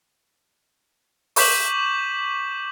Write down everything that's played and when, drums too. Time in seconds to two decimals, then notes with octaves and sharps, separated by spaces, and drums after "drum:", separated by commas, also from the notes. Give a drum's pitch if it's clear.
1.36 C#6 D6 G6 B6 E7 F#7, drum: open hi-hat